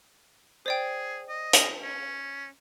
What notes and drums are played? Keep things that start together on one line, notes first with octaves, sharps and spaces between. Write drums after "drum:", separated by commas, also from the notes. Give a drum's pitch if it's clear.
G#4 C5 D5 G5
D#5
drum: hi-hat
C#4